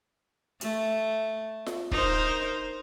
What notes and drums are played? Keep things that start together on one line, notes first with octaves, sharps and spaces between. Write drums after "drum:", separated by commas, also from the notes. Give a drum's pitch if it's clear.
A3, drum: hi-hat
drum: snare F4
D#4 A#4 C5, drum: kick